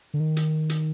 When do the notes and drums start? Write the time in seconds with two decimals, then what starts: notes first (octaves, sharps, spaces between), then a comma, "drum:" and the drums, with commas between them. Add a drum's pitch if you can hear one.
0.14 D3
0.20 D#3
0.37 drum: hi-hat
0.69 drum: hi-hat